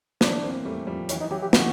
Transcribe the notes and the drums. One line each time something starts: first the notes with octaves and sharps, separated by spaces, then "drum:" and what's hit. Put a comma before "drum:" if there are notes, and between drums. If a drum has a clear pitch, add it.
E3 F#3 D4, drum: snare
A#3 C4
G3 A3
F3 G3
E3 F#3 C#4, drum: hi-hat
D#4
E3 F#3 G4
G4
D#3 F3 F#4, drum: snare